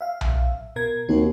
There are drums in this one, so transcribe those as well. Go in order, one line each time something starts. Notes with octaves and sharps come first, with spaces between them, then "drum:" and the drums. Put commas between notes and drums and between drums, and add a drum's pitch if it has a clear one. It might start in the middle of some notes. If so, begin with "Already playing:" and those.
E5 F5
drum: tom B1
B2 A#4 G#6
D#2 C4 F#4